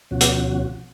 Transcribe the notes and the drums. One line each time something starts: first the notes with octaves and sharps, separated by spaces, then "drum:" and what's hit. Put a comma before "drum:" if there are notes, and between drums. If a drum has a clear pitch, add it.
D2 B2 F3 C#4 F#4
drum: hi-hat